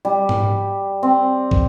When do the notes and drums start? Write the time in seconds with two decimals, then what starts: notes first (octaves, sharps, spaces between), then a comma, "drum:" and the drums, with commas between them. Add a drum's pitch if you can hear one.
0.05 G3
0.29 drum: tom G#2
1.03 C4
1.51 drum: kick